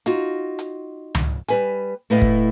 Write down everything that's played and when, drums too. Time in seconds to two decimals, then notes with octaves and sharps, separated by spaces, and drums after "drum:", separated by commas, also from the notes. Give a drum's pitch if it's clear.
0.06 D#4 F4 F#4, drum: hi-hat
0.59 drum: hi-hat
1.15 drum: tom C#2
1.48 G3 B4 G#5, drum: hi-hat
2.10 A2 A3 E4 B4 D#5 F5
2.22 drum: kick